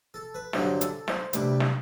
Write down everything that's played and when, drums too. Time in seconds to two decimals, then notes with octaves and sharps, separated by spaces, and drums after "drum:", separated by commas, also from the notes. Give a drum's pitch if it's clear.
0.14 A4
0.34 B4
0.53 G2 D3 F#3 C5, drum: snare
0.81 A4, drum: hi-hat
1.08 C5, drum: snare
1.33 D2 C3 G3 B4, drum: hi-hat
1.60 drum: snare